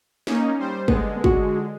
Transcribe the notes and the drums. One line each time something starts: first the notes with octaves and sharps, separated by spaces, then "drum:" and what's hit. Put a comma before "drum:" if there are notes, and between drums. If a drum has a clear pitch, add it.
A#3 C#4 D#4, drum: snare
G3 C5
D3 G#3 B3, drum: kick
F#4, drum: kick